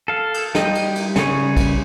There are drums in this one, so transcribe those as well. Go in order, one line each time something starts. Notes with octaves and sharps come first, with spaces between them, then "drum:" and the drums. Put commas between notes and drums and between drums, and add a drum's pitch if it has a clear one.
A4 F5
drum: cymbal
G3 D#4 G4 D#5, drum: snare
drum: cymbal
drum: cymbal
C#3 G3 G#4 C#5, drum: snare
drum: kick, cymbal